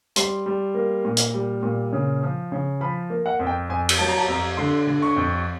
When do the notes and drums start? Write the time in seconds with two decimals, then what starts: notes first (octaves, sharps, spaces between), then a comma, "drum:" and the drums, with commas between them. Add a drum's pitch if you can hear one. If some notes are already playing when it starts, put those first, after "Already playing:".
0.16 G3 C6, drum: hi-hat
0.46 G3
0.74 A#3
1.05 A#2
1.17 drum: hi-hat
1.34 G3
1.63 A#2
1.93 C#3
2.22 F3
2.52 C#3
2.81 F3 B5
3.10 A#3
3.26 F#5
3.39 F2
3.47 G5
3.69 F2 G#5
3.89 drum: cymbal
3.98 F#3 A5
4.08 A#5
4.17 A5
4.28 F2 A#5
4.57 D3 C6
4.87 D3
5.02 C#6
5.16 F2